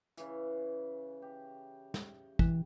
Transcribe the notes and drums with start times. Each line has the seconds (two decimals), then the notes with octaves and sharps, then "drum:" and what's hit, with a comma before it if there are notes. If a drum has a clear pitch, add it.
0.17 C#3 E3, drum: hi-hat
1.22 G4
1.94 drum: snare
2.39 E3, drum: kick